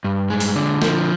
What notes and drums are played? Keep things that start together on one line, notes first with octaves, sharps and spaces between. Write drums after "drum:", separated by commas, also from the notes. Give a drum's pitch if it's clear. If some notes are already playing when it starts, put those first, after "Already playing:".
G2
G#3
drum: open hi-hat
D3
F3, drum: snare